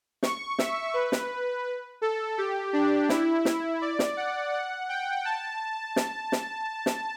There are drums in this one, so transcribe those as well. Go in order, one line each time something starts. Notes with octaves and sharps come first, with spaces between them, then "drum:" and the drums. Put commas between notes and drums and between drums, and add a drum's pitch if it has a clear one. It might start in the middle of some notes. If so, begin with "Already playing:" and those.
C#6, drum: snare
E5, drum: snare
B4
drum: snare
A4
G4
D4
E4, drum: snare
drum: snare
D5
drum: snare
F#5
F#5
G5
A5
drum: snare
drum: snare
drum: snare